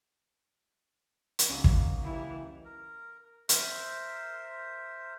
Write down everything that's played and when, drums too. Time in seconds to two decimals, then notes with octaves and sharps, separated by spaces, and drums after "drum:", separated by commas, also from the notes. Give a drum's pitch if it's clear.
1.39 drum: hi-hat
1.50 C#2 F#3 A#3 C#4 D#4
1.64 drum: kick
2.00 E3 G3 E4
2.65 A#4
3.49 A#4 C5 E5, drum: hi-hat